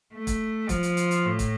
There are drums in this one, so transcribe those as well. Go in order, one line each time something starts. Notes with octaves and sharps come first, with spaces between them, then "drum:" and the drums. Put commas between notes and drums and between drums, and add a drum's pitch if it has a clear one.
A3
drum: kick, hi-hat
F3, drum: kick, hi-hat
drum: hi-hat
drum: hi-hat
drum: hi-hat
A2
drum: kick, hi-hat